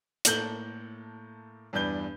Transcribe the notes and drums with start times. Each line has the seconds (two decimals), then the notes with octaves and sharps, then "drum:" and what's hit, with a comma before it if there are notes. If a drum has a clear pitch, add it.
0.25 A2 A#3 A4 G6 F#7 G7, drum: hi-hat
1.73 E2 G2 D4 B4 G6 G7